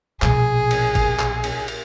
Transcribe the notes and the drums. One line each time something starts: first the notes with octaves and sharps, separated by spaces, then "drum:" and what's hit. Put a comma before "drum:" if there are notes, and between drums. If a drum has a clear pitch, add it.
A#1 B2 G#4, drum: clap
drum: cymbal
drum: kick, cymbal
drum: clap
drum: cymbal
drum: cymbal